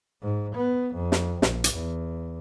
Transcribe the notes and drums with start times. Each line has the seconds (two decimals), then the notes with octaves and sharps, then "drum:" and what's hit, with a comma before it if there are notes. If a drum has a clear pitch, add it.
0.22 G#2
0.55 B3
0.94 F2
1.12 drum: snare
1.42 A#1, drum: snare
1.64 drum: hi-hat
1.73 E2